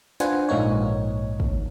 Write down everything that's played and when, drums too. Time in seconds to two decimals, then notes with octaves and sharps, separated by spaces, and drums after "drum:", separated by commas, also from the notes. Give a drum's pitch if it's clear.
0.20 D4 F4 B4 C5 F#5 G#5, drum: snare
0.49 A#1 G#2 A#3 D#4 C#5
1.40 drum: kick